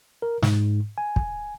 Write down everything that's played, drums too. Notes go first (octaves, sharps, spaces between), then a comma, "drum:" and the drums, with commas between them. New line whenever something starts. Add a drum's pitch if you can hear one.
A#4
G#2, drum: snare
G#5
drum: kick